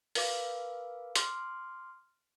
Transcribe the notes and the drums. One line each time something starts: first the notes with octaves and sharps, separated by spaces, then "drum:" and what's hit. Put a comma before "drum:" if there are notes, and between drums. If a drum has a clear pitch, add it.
A#4 B4 F5 D6, drum: open hi-hat
C6 D6 F6, drum: hi-hat